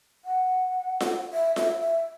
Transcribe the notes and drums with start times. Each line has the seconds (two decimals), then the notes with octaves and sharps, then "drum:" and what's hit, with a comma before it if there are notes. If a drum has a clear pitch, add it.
0.25 F#5
1.00 drum: snare F4
1.33 E5
1.56 E5, drum: snare F4
1.80 E5